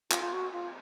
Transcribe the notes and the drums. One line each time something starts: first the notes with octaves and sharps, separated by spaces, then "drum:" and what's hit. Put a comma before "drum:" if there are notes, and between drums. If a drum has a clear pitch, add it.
F4, drum: clap
F4
F#4
F4